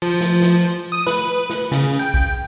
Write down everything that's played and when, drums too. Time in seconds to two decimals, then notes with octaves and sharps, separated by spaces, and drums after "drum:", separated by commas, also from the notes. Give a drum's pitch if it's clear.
0.02 F3
0.21 drum: snare
0.42 drum: snare
0.92 D#6
1.07 B4, drum: snare
1.50 drum: snare
1.72 C#3, drum: snare
1.99 G5
2.14 drum: kick B1